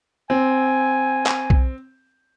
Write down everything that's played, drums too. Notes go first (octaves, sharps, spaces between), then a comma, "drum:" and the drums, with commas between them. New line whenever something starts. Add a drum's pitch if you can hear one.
C4 G#5
drum: clap
drum: kick